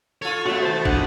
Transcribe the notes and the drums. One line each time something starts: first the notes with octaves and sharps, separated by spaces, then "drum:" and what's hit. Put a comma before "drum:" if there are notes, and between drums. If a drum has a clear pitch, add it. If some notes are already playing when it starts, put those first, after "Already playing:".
F4 A4 C#5
C3 A3 B3 F#4
D#2 B2 C5 A5
E2 D4 F#4 D#5 F#5, drum: kick